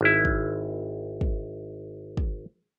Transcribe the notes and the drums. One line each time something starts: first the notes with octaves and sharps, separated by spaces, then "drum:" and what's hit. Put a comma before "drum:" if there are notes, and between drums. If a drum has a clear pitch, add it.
G#1 E4
drum: kick
drum: kick
drum: kick